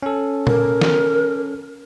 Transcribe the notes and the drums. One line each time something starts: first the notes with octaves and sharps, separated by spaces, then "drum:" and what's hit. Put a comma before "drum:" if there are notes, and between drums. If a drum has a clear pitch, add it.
C#4 A4
A#4, drum: tom A#2
drum: snare